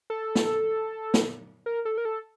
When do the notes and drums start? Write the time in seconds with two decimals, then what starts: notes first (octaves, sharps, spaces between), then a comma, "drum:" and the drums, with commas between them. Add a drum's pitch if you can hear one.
0.10 A4
0.35 drum: snare
1.14 drum: snare
1.66 A#4
1.85 A4
1.98 A#4
2.05 A4